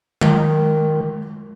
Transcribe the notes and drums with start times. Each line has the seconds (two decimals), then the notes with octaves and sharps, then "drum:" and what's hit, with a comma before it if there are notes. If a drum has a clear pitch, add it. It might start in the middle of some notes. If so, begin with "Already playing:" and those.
0.21 D#3, drum: tom G#3